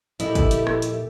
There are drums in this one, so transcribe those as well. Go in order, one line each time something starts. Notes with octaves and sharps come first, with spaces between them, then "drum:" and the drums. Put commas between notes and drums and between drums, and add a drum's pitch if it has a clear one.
A#2 F3 E4 G4 A4 D#5 E5, drum: hi-hat
drum: kick, hi-hat
drum: hi-hat
drum: rim click
drum: hi-hat